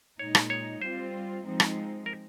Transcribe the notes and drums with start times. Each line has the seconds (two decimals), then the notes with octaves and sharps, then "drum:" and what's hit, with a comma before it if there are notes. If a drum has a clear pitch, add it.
0.19 A#2 G#3 D#4 C#5
0.35 drum: rim click
0.50 C#5
0.81 G3 C4 F4 C5
1.44 F3 G#3 C4 D#4
1.60 drum: rim click
2.06 A#4